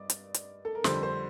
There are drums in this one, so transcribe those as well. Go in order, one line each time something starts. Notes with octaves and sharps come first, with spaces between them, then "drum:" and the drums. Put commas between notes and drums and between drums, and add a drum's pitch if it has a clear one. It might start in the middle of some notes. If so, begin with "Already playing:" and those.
Already playing: G2 D5 D#5
drum: hi-hat
drum: hi-hat
A4
A#4
F2 D3 G3 C5, drum: snare
C5